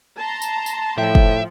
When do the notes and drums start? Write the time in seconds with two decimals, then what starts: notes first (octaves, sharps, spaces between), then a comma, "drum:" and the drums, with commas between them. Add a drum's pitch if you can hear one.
0.17 A5 A#5 C6
0.42 drum: tambourine
0.66 drum: tambourine
0.98 A2 F3 E5 G5
1.15 drum: kick